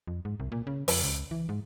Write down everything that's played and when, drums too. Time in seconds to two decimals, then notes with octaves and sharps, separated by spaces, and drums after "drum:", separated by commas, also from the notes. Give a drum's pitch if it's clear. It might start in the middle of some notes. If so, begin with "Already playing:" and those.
0.07 F2
0.25 G#2
0.40 C2
0.52 A#2
0.67 C#3
0.88 F2, drum: open hi-hat
1.04 C#2
1.31 E3
1.49 G#2